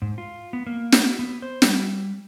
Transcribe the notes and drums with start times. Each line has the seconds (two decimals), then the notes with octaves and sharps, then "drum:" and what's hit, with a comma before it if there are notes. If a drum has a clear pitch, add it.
0.02 G#2
0.18 F4
0.53 B3
0.67 A#3
0.92 drum: snare
1.19 B3
1.42 C5
1.62 G3, drum: snare